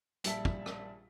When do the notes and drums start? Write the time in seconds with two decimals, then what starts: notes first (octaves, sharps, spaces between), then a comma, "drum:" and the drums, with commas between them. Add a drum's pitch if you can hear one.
0.24 A#1 G3 E5 A5 B6, drum: hi-hat
0.45 drum: kick
0.66 drum: rim click